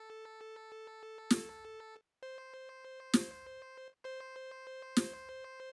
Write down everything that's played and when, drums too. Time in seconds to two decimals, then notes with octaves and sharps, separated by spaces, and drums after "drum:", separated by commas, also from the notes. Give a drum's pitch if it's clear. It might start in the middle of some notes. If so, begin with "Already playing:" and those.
Already playing: A4
1.30 drum: snare
2.23 C5
3.13 drum: snare
4.05 C5
4.97 drum: snare